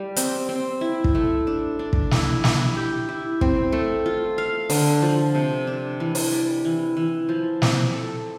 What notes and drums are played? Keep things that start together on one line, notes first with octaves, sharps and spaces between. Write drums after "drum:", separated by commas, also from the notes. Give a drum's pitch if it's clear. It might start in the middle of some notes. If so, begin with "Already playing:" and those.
Already playing: G3
C4, drum: hi-hat
C4
E4
drum: kick
A3
D4
D4
drum: kick
E4, drum: snare
E4, drum: snare
G4
E4
C4, drum: kick
A3
F4
F5
D3, drum: open hi-hat
F3
C3
D4
E3
drum: open hi-hat
G3
E3
E3
F3
C4, drum: snare
A4